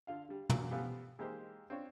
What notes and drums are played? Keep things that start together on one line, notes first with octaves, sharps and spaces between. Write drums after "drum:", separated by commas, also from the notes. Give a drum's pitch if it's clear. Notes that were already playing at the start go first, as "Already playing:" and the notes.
D3 F4 F5
D3 G3
A#1 E2 C#3 E3 F#3 A#3, drum: tom
E3 F3 G3 A3 B3 F4
E3 G#3 A#3 D#4 G4 C5
C4 D4 F4 C#5